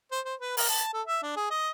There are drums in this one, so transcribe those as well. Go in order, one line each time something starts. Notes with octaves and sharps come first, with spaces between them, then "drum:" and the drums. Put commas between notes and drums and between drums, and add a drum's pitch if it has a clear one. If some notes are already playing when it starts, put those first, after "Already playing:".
C5
C5
B4
A#4, drum: open hi-hat
A5
A4
E5
D4
G#4
D#5